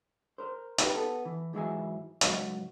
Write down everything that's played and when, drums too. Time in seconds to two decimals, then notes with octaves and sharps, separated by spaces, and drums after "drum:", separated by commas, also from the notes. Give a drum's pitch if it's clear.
0.38 A#4 C5
0.78 D#4 G4 G#4 B4, drum: hi-hat
0.94 B3 A4
1.25 E3
1.53 G#2 E3 F#3 E4 G#4 G#5
2.21 C#2 G#2 F#3, drum: hi-hat